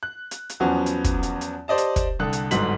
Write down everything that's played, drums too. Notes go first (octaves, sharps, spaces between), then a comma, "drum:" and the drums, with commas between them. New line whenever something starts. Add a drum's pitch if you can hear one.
F#6
drum: hi-hat
drum: hi-hat
E2 F3 F#3 B3 C#4
drum: hi-hat
drum: kick, hi-hat
drum: hi-hat
drum: hi-hat
G4 C5 D5 D#5 A5
drum: hi-hat
drum: kick, hi-hat
C2 D3 A4 D#6 F#6
drum: hi-hat
G1 G#2 F#3 B6 F#7, drum: hi-hat